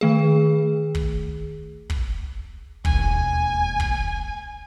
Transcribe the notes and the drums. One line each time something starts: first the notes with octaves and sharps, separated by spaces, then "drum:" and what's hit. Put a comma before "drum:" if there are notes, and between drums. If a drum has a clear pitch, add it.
D#3 A3 G#4
drum: kick
drum: kick
E1 D#2 G#5, drum: kick
drum: kick